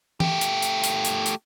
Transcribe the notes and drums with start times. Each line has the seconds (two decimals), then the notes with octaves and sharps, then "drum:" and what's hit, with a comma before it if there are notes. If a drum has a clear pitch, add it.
0.20 A3 G4, drum: tom E3
0.41 drum: hi-hat
0.62 drum: hi-hat
0.84 drum: hi-hat
1.05 drum: hi-hat
1.26 drum: hi-hat